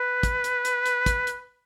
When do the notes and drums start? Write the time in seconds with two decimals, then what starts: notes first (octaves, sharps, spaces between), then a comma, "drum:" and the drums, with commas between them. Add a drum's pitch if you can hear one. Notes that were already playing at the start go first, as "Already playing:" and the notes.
Already playing: B4
0.23 drum: kick, hi-hat
0.44 drum: hi-hat
0.65 drum: hi-hat
0.86 drum: hi-hat
1.06 drum: kick, hi-hat
1.27 drum: hi-hat